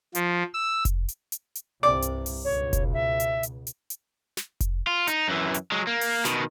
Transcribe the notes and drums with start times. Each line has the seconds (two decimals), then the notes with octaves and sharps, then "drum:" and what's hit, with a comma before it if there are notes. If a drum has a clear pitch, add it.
0.15 F3, drum: hi-hat
0.54 E6
0.85 drum: kick F1, hi-hat
1.09 drum: hi-hat
1.32 drum: hi-hat
1.55 drum: hi-hat
1.83 C2 G2 C3 D5
2.02 drum: hi-hat
2.26 drum: open hi-hat
2.45 C#2 B2 C#5
2.73 drum: kick F1, hi-hat
2.93 E5
3.20 drum: hi-hat
3.43 drum: hi-hat
3.67 drum: hi-hat
3.90 drum: hi-hat
4.37 drum: snare
4.60 drum: kick F1, hi-hat
4.87 F4
5.07 D#4, drum: hi-hat
5.28 F#2 E3
5.54 drum: hi-hat
5.72 F#3 G#3
5.87 A#3
6.01 drum: open hi-hat
6.25 B2 D#3, drum: snare